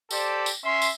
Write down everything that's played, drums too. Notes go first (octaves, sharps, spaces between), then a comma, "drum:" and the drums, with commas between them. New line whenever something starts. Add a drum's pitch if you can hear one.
G4 A4 C5 D5, drum: tambourine
drum: tambourine
C#4 E5 C6
drum: tambourine